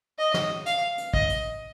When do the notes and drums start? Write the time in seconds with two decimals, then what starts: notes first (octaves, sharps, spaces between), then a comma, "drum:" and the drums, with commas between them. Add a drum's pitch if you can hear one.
0.18 D#5
0.34 drum: snare
0.66 F5, drum: hi-hat
0.98 drum: hi-hat
1.14 D#5, drum: kick
1.30 drum: hi-hat